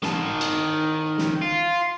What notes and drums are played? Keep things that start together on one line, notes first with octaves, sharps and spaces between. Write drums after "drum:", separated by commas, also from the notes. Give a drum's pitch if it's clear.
D#3 A5, drum: snare
drum: cymbal
drum: snare
F4